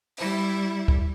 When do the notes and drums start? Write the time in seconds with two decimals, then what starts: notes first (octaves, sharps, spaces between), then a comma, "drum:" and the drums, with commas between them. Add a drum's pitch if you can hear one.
0.17 G3 E4, drum: open hi-hat
0.88 drum: kick